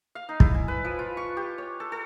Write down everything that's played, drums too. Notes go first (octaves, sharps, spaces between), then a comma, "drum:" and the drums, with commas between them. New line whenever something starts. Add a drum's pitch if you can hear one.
F5
D#4
E4, drum: kick
G#5
B4
F3
F4
C#6
G4
C#5
A4
A4